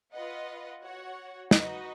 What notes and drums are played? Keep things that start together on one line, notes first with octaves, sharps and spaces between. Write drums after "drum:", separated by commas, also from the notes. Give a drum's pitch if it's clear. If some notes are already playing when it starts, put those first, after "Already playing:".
F4 B4 D#5 F#5
F#4 C#5 F#5
D#4 F#4 B4 D#5, drum: snare